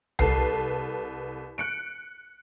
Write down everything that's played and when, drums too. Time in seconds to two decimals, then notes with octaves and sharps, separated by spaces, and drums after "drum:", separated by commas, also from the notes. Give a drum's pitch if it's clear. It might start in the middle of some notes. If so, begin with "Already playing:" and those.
0.19 C2 A4 B4 C7, drum: tom C2
1.58 F#6 C#7 D7